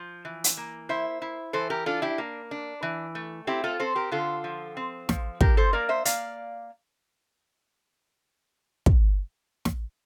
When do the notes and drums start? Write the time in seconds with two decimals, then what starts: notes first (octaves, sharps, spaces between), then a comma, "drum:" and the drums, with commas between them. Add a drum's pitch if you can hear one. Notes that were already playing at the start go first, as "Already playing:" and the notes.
Already playing: F3
0.25 E3
0.44 drum: hi-hat
0.57 A#3
0.89 E4 C5 E5
1.22 E4
1.53 E3 A4 C5
1.70 G4 A#4
1.86 D4 F4 A4
2.02 E4 G4
2.18 A#3
2.51 D4
2.83 E3
3.15 A3
3.47 C4 E4 G4
3.64 F4 A4
3.80 C4 A4 C5
3.96 G4 A#4
4.12 D3 F4 A4
4.44 F3
4.77 C4
5.09 F3, drum: snare
5.41 D4 G4 A#4, drum: kick
5.57 A4 C5
5.73 A#3 A#4 D5
5.89 C5 E5
6.05 A#3 D5 F5, drum: hi-hat
8.86 drum: kick
9.65 drum: snare